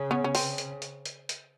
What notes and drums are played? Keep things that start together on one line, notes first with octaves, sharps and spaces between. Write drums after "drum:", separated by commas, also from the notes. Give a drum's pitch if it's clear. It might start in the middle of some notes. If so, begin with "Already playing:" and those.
Already playing: C#3
B3 C#4
C#4
C4, drum: open hi-hat
drum: hi-hat
drum: hi-hat
drum: hi-hat
drum: hi-hat